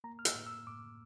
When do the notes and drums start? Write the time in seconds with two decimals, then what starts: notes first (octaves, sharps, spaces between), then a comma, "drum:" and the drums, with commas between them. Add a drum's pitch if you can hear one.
0.04 A#3 A#5
0.19 F6
0.25 E6, drum: hi-hat
0.35 A2
0.46 E6
0.67 A2 D6